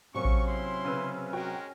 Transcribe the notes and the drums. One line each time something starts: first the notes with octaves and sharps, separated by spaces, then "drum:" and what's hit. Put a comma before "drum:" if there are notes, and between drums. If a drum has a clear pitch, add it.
C3 F#3 A#3 C#4 C#6
drum: kick A1
E4 C6
C#3 B4 E6
G#3 F#4 A#4 G5